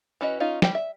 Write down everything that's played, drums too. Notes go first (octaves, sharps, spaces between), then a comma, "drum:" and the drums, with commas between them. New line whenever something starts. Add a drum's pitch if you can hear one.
E3 C#4 F#4 B4 D#5
C#4 D#4 F4
G3 G4 G5, drum: snare
E5